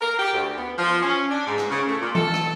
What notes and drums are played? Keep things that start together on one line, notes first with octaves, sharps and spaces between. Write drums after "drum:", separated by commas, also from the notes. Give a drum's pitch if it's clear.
A#4
G4
D2
B3
F3
C#4
D4
G#2
drum: rim click
C#3
A3
A#2
A4, drum: tom E3
drum: rim click